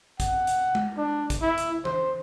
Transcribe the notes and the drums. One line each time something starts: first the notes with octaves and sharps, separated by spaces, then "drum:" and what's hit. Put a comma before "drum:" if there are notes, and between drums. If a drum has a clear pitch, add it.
F#5, drum: kick A1, hi-hat
drum: hi-hat
drum: tom G#3
D4
drum: kick A1, hi-hat
E4
drum: hi-hat
C5, drum: tom E3